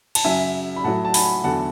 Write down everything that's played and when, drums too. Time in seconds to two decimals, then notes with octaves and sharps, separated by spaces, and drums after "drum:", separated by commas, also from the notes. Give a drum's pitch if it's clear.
0.15 A5, drum: cymbal
0.24 F#2 C#3 F#3 E5 G#5
0.76 B5
0.84 A2 F#3 F#5 A5
1.05 A5
1.14 G#5 B5, drum: open hi-hat
1.44 E2 D3 F#3 F#5 A5